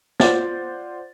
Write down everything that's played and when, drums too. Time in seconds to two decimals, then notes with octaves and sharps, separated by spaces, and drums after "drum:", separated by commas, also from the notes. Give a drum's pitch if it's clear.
0.20 F4 C5 D5 F#5 D6 A6, drum: snare